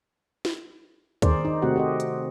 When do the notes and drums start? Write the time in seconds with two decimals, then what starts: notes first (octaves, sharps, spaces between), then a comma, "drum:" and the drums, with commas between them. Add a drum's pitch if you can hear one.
0.45 drum: snare
1.22 D#3 G#4 A#4 C5 D5, drum: kick D2, hi-hat
1.45 D#4
1.62 C3 A3 C4 F#4 G4 F#5
1.76 G4 C5 D#5
2.00 drum: hi-hat